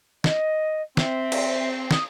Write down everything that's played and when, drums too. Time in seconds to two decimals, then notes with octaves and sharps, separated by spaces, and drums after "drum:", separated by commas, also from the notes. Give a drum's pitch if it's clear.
0.24 D#5, drum: snare
0.97 C4 E5, drum: snare
1.32 drum: cymbal
1.91 D#6, drum: snare